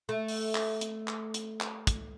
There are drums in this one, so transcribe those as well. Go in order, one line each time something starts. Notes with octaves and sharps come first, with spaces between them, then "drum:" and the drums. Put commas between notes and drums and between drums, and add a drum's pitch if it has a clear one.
A3
drum: open hi-hat
drum: clap
drum: hi-hat
drum: clap
drum: hi-hat
drum: clap
drum: kick, hi-hat